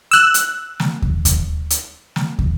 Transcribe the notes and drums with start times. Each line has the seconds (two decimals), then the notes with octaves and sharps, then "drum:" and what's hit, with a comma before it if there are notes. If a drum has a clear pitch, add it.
0.11 E6 F#6
0.34 drum: hi-hat
0.80 drum: snare
1.02 drum: kick
1.25 drum: kick, hi-hat
1.70 drum: hi-hat
2.16 drum: snare
2.39 drum: kick